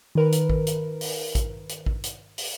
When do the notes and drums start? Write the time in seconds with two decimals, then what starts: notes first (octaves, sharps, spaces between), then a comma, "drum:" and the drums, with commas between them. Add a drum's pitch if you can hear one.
0.15 D#3 A#4 B4
0.32 drum: hi-hat
0.50 drum: kick A1
0.67 drum: hi-hat
1.01 drum: open hi-hat
1.35 drum: kick A1, hi-hat
1.69 drum: hi-hat
1.86 drum: kick A1
2.04 drum: hi-hat
2.38 drum: open hi-hat